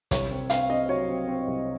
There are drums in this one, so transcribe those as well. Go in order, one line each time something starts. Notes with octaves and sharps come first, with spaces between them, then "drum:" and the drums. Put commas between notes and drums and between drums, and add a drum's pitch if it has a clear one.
C2 C#5, drum: kick, hi-hat
C4
C4 F5, drum: hi-hat
C4 D#5
F#3 C#5
C4
C4
C2